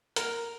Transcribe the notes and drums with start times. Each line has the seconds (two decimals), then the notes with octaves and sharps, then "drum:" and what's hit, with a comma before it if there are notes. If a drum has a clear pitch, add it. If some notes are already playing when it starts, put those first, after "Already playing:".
0.16 A#4, drum: hi-hat